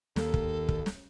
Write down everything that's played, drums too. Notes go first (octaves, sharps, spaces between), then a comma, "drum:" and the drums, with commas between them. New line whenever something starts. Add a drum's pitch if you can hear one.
D#2 A4, drum: snare
drum: kick
drum: kick
drum: snare